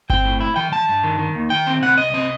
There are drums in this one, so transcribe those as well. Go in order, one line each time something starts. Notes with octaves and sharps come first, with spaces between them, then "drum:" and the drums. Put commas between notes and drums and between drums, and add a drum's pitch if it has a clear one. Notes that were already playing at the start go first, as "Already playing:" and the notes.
C4 G5, drum: kick G1
A2
E4
E3 G5
E3 A5
G2
D#3
D#3
D#2
D#3 G5
C4
C2 F#5
C2 D#5
C4 D#5